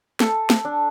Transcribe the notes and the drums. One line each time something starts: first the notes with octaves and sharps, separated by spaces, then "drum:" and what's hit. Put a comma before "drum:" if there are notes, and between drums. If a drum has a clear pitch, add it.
A4, drum: snare
drum: snare
D4